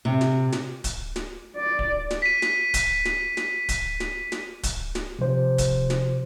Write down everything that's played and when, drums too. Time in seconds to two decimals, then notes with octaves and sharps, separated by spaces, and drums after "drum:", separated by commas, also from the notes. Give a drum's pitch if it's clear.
0.05 C3
0.21 drum: snare
0.52 drum: snare
0.84 drum: kick D1, hi-hat
1.16 drum: snare
1.56 D5
1.79 drum: kick D1
2.10 drum: snare
2.22 B6 D#7
2.42 drum: snare
2.74 drum: kick D1, hi-hat
3.05 drum: snare
3.37 drum: snare
3.69 drum: kick D1, hi-hat
4.00 drum: snare
4.32 drum: snare
4.63 drum: kick D1, hi-hat
4.95 drum: snare
5.19 C3 F3 C5
5.58 drum: kick D1, hi-hat
5.90 drum: snare